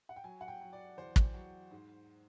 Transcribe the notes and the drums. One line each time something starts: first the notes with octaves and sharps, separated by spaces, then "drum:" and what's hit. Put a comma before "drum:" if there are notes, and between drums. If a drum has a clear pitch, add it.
F#5
G5
F#3 G#5
F#5
G5
F#3
D5
E2 C5
drum: kick
F#3
G#2